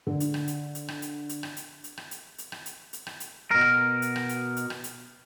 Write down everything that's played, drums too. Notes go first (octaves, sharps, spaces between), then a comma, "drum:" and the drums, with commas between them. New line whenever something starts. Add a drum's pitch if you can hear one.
D3
drum: hi-hat
drum: rim click
drum: hi-hat
drum: hi-hat
drum: rim click
drum: hi-hat
drum: hi-hat
drum: rim click
drum: hi-hat
drum: hi-hat
drum: rim click
drum: hi-hat
drum: hi-hat
drum: rim click
drum: hi-hat
drum: hi-hat
drum: rim click
drum: hi-hat
B2 A#4
drum: rim click
drum: hi-hat
drum: rim click
drum: hi-hat
drum: hi-hat
drum: rim click
drum: hi-hat